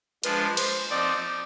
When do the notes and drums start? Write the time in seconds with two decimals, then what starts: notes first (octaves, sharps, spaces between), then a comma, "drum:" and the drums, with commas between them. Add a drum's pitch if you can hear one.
0.23 F3 G#3 D4 F4 B4, drum: hi-hat
0.57 C5, drum: cymbal
0.90 F3 C4 D#4 D5